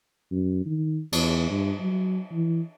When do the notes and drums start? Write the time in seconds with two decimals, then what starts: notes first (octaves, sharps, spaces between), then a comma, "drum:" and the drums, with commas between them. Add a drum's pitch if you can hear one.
0.31 F#2
0.66 D#3
1.12 E2, drum: cymbal
1.50 G2
1.80 F#3
2.32 E3